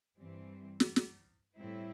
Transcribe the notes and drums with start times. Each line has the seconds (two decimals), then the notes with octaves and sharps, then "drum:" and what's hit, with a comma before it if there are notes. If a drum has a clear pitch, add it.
0.17 G2 E3 G3 C4
0.80 drum: snare
0.96 drum: snare
1.57 A2 G3 C4 E4